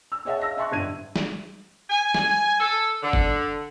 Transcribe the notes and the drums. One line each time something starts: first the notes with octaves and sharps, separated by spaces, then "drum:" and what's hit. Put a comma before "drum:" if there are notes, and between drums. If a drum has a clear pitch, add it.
E6
G#4 C#5 D#5 E5 F#5 A5
F5 E6 A#6
D#5 E5 A5 C6 C#6 F#6
G1 G2 G#6 D#7
drum: snare
G#5
drum: snare
A4
D3
drum: kick G1